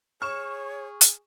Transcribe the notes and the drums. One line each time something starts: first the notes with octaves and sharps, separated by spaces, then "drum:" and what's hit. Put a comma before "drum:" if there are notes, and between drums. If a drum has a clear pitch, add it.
G#4 C#5 C#6 F6 E7
drum: hi-hat